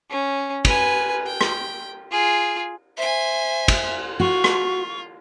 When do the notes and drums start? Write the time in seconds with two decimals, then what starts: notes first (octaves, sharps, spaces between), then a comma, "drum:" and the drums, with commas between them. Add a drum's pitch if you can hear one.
0.10 C#4
0.65 B4 G#5, drum: kick, cymbal
1.26 G5
1.41 drum: rim click
2.11 F4 G#4
2.97 C5 E5 G#5
3.68 drum: kick, cymbal
4.20 F4 F#4 C#6
4.44 drum: rim click